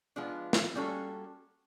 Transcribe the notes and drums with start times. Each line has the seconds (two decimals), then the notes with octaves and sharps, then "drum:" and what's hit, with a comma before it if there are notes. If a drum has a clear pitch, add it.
0.16 F3 G#3 B3 D4
0.53 drum: snare
0.75 G3 A#3 C#4 F#4 A4